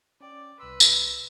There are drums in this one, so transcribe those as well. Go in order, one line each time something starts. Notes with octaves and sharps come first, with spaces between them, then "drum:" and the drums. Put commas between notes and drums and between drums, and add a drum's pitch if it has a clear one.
C#4 D5 G5
C2 B4 C6 E6
drum: tambourine